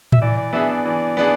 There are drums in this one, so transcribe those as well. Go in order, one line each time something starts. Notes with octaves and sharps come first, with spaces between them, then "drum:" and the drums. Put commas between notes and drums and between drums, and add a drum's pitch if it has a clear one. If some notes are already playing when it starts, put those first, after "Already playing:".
E5, drum: tom A2
E3 D5
D5
B3 D4 G#4 E5
D5
E3 D5
B3 D4 G#4